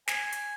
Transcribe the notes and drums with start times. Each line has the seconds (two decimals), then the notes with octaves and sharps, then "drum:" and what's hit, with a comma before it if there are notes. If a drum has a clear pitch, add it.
0.08 G#5, drum: snare
0.32 drum: hi-hat